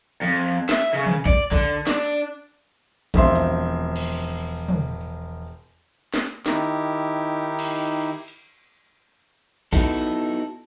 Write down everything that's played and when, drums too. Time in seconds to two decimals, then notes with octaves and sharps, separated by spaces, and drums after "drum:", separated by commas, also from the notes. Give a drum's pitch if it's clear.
0.22 F2
0.69 E5, drum: snare
0.93 C#3
1.06 drum: tom
1.26 D5, drum: kick A#1
1.52 D3, drum: kick A#1
1.87 D4, drum: snare
3.14 E1 F3 C4 E5 C6, drum: kick A#1
3.35 drum: hi-hat
3.96 drum: cymbal
4.68 drum: tom
5.01 drum: tambourine
6.14 drum: snare
6.46 D#3 D#4 E4 G4, drum: snare
7.59 drum: cymbal
8.28 drum: hi-hat
9.73 B3 D#4 E4 F#4 A4, drum: kick A#1